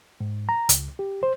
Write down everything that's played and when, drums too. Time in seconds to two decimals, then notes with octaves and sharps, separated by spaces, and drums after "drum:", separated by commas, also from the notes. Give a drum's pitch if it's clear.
0.21 G#2
0.49 A#5
0.69 C#2, drum: hi-hat
0.99 G4
1.23 C5